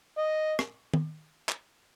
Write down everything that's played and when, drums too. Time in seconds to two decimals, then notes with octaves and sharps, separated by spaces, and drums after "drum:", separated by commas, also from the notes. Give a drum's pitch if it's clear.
0.18 D#5
0.59 drum: rim click
0.94 drum: tom
1.49 drum: clap